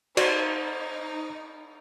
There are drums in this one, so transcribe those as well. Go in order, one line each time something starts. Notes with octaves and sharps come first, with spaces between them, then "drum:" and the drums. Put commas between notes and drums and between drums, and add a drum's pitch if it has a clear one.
D#4 F#4 C5 D5, drum: cymbal